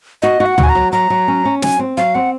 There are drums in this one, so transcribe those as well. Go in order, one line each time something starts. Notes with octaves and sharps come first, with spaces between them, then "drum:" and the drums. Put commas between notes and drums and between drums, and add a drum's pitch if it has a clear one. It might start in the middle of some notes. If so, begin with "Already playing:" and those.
F#4 D#5
F#4
F#5
F#4, drum: tom
G#5
A#5
F#3
F#3 A#5
F#3
C#4
C#4
F#3 G#5, drum: snare
C4
F#3 F5
C4 F#5